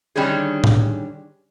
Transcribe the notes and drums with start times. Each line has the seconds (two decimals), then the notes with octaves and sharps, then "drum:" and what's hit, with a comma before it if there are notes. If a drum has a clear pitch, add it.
0.16 D3 D#3 G3 C#4 D4 G#4
0.64 drum: tom A2